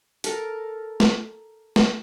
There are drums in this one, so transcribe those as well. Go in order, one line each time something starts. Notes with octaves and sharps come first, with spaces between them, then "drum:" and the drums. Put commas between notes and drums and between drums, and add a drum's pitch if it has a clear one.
A4 A#4, drum: hi-hat
drum: snare
drum: snare